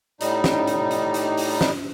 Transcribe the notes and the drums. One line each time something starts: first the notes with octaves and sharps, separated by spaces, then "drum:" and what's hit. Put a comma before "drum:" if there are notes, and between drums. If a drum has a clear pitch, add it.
A2 G3 D#4, drum: hi-hat
drum: snare
drum: hi-hat
drum: hi-hat
drum: hi-hat
drum: open hi-hat
drum: snare